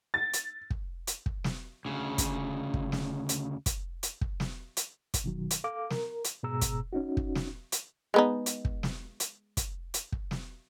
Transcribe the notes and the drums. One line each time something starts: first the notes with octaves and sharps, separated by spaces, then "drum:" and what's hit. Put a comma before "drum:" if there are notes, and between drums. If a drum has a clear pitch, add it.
A6
drum: hi-hat
drum: kick
drum: hi-hat
drum: kick
drum: snare
D2 C#3
drum: kick, hi-hat
drum: kick
drum: snare
drum: hi-hat
drum: kick, hi-hat
drum: hi-hat
drum: kick
drum: snare
drum: hi-hat
drum: kick, hi-hat
B2 D#3 F#3
drum: hi-hat
A4 F5 D6
A#4, drum: snare
drum: hi-hat
G#2 B2 G#4 A#5 E6
drum: kick, hi-hat
C#4 D#4 F#4
drum: kick
drum: snare
drum: hi-hat
G#3 B3 D#4
drum: hi-hat
drum: kick
drum: snare
drum: hi-hat
drum: kick, hi-hat
drum: hi-hat
drum: kick
drum: snare